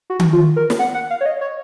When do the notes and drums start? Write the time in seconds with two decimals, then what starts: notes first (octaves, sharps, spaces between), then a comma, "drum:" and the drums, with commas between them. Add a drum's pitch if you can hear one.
0.10 F#4
0.19 drum: tom D#3
0.33 F4
0.56 A#4
0.70 drum: snare
0.79 F#5
0.94 F#5
1.10 F5
1.21 C#5
1.26 D#5
1.41 C#5